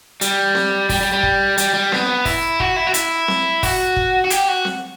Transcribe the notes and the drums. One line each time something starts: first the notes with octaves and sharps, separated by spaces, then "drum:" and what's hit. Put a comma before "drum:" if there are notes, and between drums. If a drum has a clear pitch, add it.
G3, drum: hi-hat
drum: snare C4
G3, drum: kick, open hi-hat
G3
G3
drum: kick
G3, drum: hi-hat
G3
B3, drum: snare C4
E4, drum: kick, open hi-hat
F#4, drum: kick
E4
F#4
E4, drum: hi-hat
drum: snare C4
F#4, drum: kick, open hi-hat
drum: kick
F#4
G4, drum: hi-hat
F#4
drum: snare C4